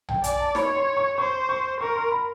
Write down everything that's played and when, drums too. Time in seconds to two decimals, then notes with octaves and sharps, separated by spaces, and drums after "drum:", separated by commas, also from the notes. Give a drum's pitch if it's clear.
0.09 G5, drum: tom B1
0.24 D5 G#5, drum: hi-hat
0.40 A5
0.55 C#5 B5, drum: snare D#4
0.76 C6
0.97 C#6
1.18 C5 C#6
1.49 C#6
1.80 A#4 C#6
1.96 C6
2.12 B5